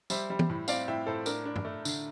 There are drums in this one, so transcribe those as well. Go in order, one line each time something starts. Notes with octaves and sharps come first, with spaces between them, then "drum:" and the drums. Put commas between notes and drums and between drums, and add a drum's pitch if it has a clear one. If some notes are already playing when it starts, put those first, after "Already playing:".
G3 C5 E5, drum: tambourine
G3
drum: tom E3
A2
C4 D5 F5, drum: tambourine
A2 E5 G5
A2 A4 C5
D4 A#4, drum: tambourine
D4
drum: tom G2
A3
D3, drum: tambourine